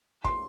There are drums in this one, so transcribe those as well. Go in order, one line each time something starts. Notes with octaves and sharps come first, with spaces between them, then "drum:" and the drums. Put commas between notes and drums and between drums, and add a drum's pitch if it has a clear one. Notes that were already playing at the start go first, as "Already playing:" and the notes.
C6, drum: kick